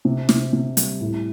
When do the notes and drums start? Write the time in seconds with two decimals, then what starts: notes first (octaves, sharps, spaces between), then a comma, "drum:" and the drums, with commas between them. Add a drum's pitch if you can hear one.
0.05 C3
0.29 C3, drum: snare
0.53 C3
0.77 G3, drum: hi-hat
1.01 A2